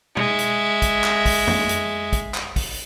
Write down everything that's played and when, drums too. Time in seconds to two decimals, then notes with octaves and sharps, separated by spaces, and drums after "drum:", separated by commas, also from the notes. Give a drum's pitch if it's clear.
0.17 G#3 E5, drum: tom
0.39 drum: hi-hat
0.82 drum: kick, hi-hat
1.04 drum: clap
1.26 drum: kick, open hi-hat
1.47 drum: tom F2
1.69 drum: hi-hat
2.13 drum: kick, hi-hat
2.34 drum: clap
2.56 drum: kick, open hi-hat